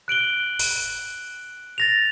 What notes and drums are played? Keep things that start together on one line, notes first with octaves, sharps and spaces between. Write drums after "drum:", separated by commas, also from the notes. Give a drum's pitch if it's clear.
F#6 D7 F#7 G7
drum: open hi-hat
A6 A#6 F7